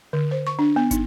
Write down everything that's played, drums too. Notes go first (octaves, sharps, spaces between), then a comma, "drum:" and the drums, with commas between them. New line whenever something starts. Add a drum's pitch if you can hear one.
D3
C5
C#6
D4
B3
D#4, drum: kick, hi-hat